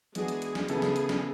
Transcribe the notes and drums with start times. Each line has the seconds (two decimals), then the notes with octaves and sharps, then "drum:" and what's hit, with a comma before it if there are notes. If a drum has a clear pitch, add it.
0.15 E3 G#3 B3 D4 F#4 G#4, drum: hi-hat
0.28 drum: hi-hat
0.42 drum: hi-hat
0.55 drum: snare
0.68 C#3 E3 B3 E4 G#4 A4, drum: hi-hat
0.82 drum: snare
0.96 drum: hi-hat
1.09 drum: snare